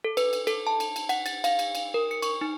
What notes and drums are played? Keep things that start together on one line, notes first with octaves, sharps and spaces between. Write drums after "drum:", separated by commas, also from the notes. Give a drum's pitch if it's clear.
A4
B4, drum: cymbal
drum: cymbal
A4, drum: cymbal
A5
drum: cymbal
drum: cymbal
F#5, drum: cymbal
A6, drum: cymbal
F5, drum: cymbal
drum: cymbal
drum: cymbal
A#4
C#7
C#6, drum: cymbal
D#4